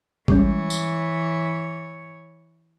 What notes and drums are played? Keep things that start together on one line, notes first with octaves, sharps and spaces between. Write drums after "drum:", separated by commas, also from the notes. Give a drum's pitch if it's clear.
E3 G3 G#3 C#4 C#5, drum: kick G#1
drum: tambourine